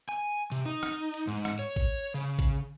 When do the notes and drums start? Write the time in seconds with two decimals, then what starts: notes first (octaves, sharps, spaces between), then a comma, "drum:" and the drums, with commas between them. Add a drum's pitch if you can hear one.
0.09 G#5
0.52 C3, drum: hi-hat
0.66 D#4
0.83 drum: rim click
1.14 drum: hi-hat
1.27 G#2
1.45 drum: rim click
1.59 C#5
1.76 drum: kick, hi-hat
2.14 C#3
2.39 drum: kick, hi-hat